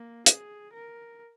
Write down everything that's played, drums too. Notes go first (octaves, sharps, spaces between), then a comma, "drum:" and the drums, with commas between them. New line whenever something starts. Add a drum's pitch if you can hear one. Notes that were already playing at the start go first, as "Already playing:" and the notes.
Already playing: A#3
G#4, drum: hi-hat
A#4